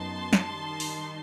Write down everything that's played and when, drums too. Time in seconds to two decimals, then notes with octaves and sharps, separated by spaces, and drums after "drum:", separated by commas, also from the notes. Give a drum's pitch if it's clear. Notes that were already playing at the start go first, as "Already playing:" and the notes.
Already playing: F#2 F#3 B3 D#4 A5 C6
0.33 drum: snare
0.52 D#3 G3 D#4
0.80 drum: open hi-hat